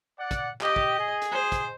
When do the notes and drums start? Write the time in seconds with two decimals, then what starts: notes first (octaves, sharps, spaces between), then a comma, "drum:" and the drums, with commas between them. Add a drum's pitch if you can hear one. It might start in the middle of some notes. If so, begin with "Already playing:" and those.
0.19 D5 F#5
0.31 drum: kick, hi-hat
0.61 G4 D#5, drum: clap
0.76 drum: kick
0.99 G#4
1.22 drum: hi-hat
1.31 C5
1.52 drum: kick, hi-hat